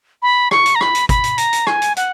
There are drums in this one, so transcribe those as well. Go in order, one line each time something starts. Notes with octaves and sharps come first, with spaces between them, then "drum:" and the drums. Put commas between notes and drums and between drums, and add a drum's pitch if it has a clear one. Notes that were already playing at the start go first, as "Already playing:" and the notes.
B5
C#6, drum: rim click
drum: hi-hat
A#5
B5, drum: rim click
drum: hi-hat
B5, drum: kick, hi-hat
drum: hi-hat
A#5, drum: hi-hat
drum: hi-hat
G#5, drum: rim click
drum: hi-hat
F#5, drum: hi-hat